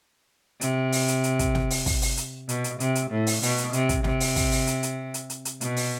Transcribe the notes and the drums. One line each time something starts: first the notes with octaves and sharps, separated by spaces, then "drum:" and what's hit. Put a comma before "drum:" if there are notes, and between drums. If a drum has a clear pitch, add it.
C3, drum: hi-hat
drum: open hi-hat
drum: hi-hat
drum: hi-hat
drum: kick, hi-hat
drum: snare
drum: open hi-hat
drum: kick, open hi-hat
drum: open hi-hat
drum: hi-hat
B2, drum: hi-hat
drum: hi-hat
C3, drum: hi-hat
drum: hi-hat
A2
drum: open hi-hat
B2, drum: open hi-hat
drum: hi-hat
C3, drum: hi-hat
drum: kick, hi-hat
C3, drum: snare
drum: open hi-hat
drum: kick, open hi-hat
drum: open hi-hat
drum: hi-hat
drum: hi-hat
drum: hi-hat
drum: hi-hat
drum: hi-hat
B2, drum: hi-hat
drum: open hi-hat